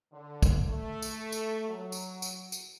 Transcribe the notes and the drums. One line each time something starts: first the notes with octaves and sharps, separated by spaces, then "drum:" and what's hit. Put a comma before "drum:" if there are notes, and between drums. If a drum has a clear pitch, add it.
D3
drum: kick, tambourine
A3
drum: tambourine
drum: tambourine
F#3
drum: tambourine
drum: tambourine
drum: tambourine